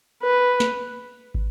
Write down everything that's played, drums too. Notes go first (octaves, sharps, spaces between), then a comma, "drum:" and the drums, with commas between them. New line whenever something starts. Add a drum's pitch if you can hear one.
B4
drum: snare
drum: kick